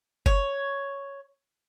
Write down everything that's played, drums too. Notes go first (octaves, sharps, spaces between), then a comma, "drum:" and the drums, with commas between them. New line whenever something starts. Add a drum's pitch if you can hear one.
C#5, drum: kick F#1